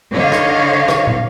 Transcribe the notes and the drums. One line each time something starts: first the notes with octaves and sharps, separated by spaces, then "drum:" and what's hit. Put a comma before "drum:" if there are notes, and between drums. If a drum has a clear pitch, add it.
D3 C#5 D#5 F5
drum: rim click
drum: rim click
drum: tom